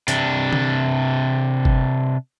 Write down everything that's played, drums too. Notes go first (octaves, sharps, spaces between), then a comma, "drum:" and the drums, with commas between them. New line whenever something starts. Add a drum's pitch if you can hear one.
C3 D4, drum: hi-hat
drum: tom D3
drum: kick G1